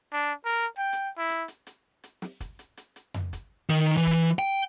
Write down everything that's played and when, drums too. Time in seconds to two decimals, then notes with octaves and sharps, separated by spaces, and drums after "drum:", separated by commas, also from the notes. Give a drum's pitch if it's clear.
0.13 D4
0.45 A#4
0.78 G5
0.93 drum: hi-hat
1.17 E4
1.30 drum: hi-hat
1.48 drum: hi-hat
1.67 drum: hi-hat
2.04 drum: hi-hat
2.22 drum: snare
2.40 drum: kick, hi-hat
2.59 drum: hi-hat
2.77 drum: hi-hat
2.96 drum: hi-hat
3.14 drum: tom F2
3.33 drum: kick, hi-hat
3.70 D#3
3.97 E3
4.07 drum: kick, hi-hat
4.25 drum: hi-hat
4.39 G5